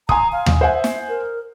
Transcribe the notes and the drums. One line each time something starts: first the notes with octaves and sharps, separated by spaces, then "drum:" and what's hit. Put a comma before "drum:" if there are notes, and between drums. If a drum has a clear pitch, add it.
G#5 A#5 C6 D#6, drum: kick
F5
drum: tom D#2
C5 E5 F#5 G#5
drum: snare
A#4